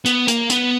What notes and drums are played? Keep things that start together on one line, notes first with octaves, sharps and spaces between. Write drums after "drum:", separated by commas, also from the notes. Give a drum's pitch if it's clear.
B3, drum: hi-hat
A#3, drum: hi-hat
B3, drum: hi-hat